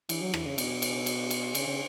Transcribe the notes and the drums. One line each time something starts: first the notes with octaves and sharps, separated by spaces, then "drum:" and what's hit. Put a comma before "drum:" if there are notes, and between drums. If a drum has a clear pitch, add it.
E3, drum: cymbal
F#3
E3, drum: rim click
C#3
B2, drum: cymbal
drum: cymbal
drum: cymbal
drum: cymbal
C#3, drum: cymbal
C#3